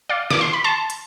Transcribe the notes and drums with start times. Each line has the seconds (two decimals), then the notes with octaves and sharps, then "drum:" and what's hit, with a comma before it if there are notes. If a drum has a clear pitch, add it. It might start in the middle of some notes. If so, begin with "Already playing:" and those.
0.09 D5 F5
0.30 D6, drum: snare
0.41 C6
0.53 B5
0.64 A5 C6
0.90 drum: hi-hat